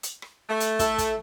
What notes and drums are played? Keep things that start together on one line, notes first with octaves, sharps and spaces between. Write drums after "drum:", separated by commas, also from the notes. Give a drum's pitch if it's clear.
drum: hi-hat
drum: rim click
A3
drum: hi-hat
E4 A4 E5, drum: kick, hi-hat
drum: kick, hi-hat